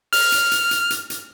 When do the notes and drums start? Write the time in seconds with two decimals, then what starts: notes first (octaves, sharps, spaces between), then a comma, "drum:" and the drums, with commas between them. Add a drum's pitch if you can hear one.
0.13 F6, drum: open hi-hat
0.32 drum: hi-hat
0.52 drum: hi-hat
0.71 drum: hi-hat
0.90 drum: hi-hat
1.10 drum: hi-hat